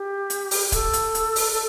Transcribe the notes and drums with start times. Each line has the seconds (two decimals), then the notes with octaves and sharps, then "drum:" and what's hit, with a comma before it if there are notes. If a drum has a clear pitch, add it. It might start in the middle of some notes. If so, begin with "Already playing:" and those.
Already playing: G4
0.30 drum: hi-hat
0.51 drum: open hi-hat
0.72 A4, drum: kick D#1, hi-hat
0.93 drum: hi-hat
1.15 drum: hi-hat
1.36 drum: open hi-hat
1.53 A4